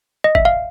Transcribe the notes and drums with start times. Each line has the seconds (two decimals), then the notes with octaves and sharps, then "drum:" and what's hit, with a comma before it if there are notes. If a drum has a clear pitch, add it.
0.24 D#5
0.35 E5, drum: kick G#1
0.45 F5